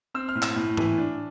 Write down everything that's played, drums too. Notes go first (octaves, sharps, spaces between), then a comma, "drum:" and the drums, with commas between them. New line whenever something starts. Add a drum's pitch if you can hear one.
C4 E6
F6
A2
E6, drum: clap
A2
E3, drum: tom G#2
D4